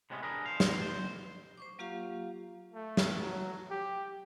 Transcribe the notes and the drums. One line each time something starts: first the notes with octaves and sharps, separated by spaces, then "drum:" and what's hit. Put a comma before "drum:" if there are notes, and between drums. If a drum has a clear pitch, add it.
A2 C3 G#3 B3 C#4
D4 G#4 A#4 B4
C5 F5
drum: snare
B2 C5
C5 C#6 D6
F#3 A#3 F4 G4 F5
A3
drum: snare
F#3
G4